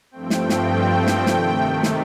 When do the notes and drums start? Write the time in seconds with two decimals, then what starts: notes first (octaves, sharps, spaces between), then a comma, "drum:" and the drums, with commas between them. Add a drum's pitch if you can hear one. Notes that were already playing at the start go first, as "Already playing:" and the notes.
0.11 G2 F3 A3 C4 G5
0.30 drum: snare
0.49 drum: snare
1.07 drum: snare
1.26 C3 D#3 A3, drum: snare
1.83 drum: snare